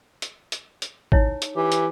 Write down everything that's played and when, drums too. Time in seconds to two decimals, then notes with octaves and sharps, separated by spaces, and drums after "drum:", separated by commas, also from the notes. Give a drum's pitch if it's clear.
0.22 drum: hi-hat
0.52 drum: hi-hat
0.82 drum: hi-hat
1.12 D#4 E4 C#5, drum: kick G#1
1.42 drum: hi-hat
1.56 E3 G4
1.72 drum: hi-hat